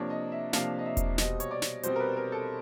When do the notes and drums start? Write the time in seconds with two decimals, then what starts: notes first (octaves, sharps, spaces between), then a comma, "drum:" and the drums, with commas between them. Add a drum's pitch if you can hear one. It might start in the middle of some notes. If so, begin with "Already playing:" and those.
Already playing: C3 F3 A#3 D4 C#5
0.10 D#5
0.32 E5
0.53 C3 F3 A#3 D4 F5, drum: snare
0.79 D#5
0.86 E5
0.97 drum: kick E1, hi-hat
1.18 B2 G3 C4 D#5, drum: snare
1.40 C#5, drum: hi-hat
1.51 D5
1.62 drum: snare
1.83 B2 G3 C4 C5, drum: hi-hat
1.96 A#4
2.00 B4
2.17 A#4
2.32 A4